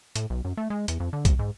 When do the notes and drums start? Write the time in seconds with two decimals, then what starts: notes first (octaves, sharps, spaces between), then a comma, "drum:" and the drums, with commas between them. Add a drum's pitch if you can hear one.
0.16 A2, drum: hi-hat
0.30 B1
0.45 F#2
0.57 A3
0.70 G#3
0.88 E2, drum: hi-hat
1.00 F2
1.13 D3
1.25 C2, drum: kick B1, hi-hat
1.39 G#2